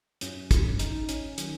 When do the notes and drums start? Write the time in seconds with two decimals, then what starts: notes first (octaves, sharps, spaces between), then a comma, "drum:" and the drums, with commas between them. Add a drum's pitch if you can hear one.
0.21 F#2 F#3 C#4, drum: hi-hat
0.51 drum: kick, hi-hat
0.79 D#4, drum: hi-hat
1.09 C#4, drum: hi-hat
1.38 D#3 F#3, drum: hi-hat